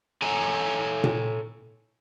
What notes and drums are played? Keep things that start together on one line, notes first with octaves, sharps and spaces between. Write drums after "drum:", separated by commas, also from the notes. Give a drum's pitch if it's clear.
A4 C#5 G#5 A#5
drum: tom A#2